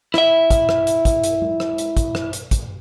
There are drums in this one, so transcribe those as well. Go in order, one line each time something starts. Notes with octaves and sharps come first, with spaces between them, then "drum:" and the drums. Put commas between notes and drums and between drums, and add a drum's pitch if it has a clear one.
E4 E5, drum: rim click
drum: kick, hi-hat
drum: rim click
drum: hi-hat
drum: kick, hi-hat
drum: hi-hat
drum: tom G#3
drum: rim click
drum: hi-hat
drum: kick, hi-hat
drum: rim click
drum: hi-hat
drum: kick, hi-hat